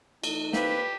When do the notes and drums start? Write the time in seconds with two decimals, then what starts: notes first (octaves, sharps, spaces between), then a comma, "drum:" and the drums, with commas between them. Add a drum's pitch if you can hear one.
0.24 E3 A3 D#4, drum: cymbal
0.53 A#3 C4 D4 G4 B4, drum: snare